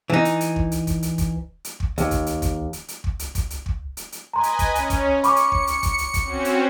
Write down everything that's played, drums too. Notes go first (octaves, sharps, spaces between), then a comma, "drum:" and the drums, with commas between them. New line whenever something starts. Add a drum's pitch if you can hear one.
E3 D#4
drum: hi-hat
drum: hi-hat
drum: kick
drum: hi-hat
drum: kick, hi-hat
drum: hi-hat
drum: kick, hi-hat
drum: hi-hat
drum: kick
D#2, drum: hi-hat
drum: kick, hi-hat
drum: hi-hat
drum: kick, hi-hat
drum: hi-hat
drum: hi-hat
drum: kick
drum: hi-hat
drum: kick, hi-hat
drum: hi-hat
drum: kick
drum: hi-hat
drum: hi-hat
B4 D#5 G#5 A#5 C6
drum: hi-hat
drum: kick, hi-hat
C#4, drum: hi-hat
drum: kick, hi-hat
B5 C#6 D6 C#7, drum: hi-hat
drum: hi-hat
drum: kick
drum: hi-hat
drum: kick, hi-hat
drum: hi-hat
drum: kick, hi-hat
C4 C#4 F#4
drum: hi-hat